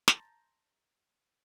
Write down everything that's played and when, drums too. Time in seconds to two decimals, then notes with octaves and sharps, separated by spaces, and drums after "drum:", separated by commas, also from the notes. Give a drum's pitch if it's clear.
0.08 A5 A#5 C6 G6 A6 A#6, drum: snare